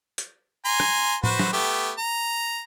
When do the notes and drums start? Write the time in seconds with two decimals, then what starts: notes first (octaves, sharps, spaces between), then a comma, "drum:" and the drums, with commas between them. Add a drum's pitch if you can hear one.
0.18 drum: hi-hat
0.65 G#5 A#5 C6
0.80 drum: rim click
1.24 F#4 B4 C5, drum: tom A2
1.39 drum: snare F#3
1.53 A3 B3 G4
1.98 A#5